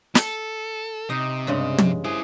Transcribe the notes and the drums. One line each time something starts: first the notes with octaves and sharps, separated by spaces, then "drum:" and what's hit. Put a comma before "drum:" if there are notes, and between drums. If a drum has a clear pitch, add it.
A4, drum: snare
C3 D#4
G2 C#3 G#3
drum: tom
E4 G#4 C5